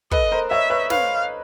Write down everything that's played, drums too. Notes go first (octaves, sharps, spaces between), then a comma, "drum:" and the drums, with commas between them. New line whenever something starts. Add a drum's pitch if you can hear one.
A4 B4 D#5, drum: kick
A#4 C5
C#5 D#5 E5
B4 C#5
B4 C#5 F5, drum: snare